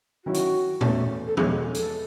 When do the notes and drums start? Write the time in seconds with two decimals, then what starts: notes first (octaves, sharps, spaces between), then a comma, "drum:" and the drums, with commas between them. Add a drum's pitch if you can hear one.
0.25 D#3 F#3 C#4 E4 F#4
0.34 drum: hi-hat
0.81 E2 B2 A3 C#4, drum: tom A#2
1.27 A4
1.37 E2 B2 G#3 G#4, drum: tom F3
1.74 A4, drum: hi-hat